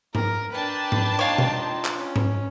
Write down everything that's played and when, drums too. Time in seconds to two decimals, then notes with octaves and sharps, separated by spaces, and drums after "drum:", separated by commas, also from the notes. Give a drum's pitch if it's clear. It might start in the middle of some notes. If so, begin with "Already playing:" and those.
0.15 A#4, drum: tom G#2
0.52 D4 B4 G5 A5
0.92 drum: tom G#2
1.19 D#4 F4 C#5
1.38 drum: tom B2
1.85 drum: clap
1.96 C#4
2.16 drum: tom G#2